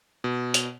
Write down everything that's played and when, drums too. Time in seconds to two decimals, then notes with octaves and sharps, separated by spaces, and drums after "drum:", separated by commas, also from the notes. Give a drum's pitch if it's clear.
0.24 B2
0.54 drum: hi-hat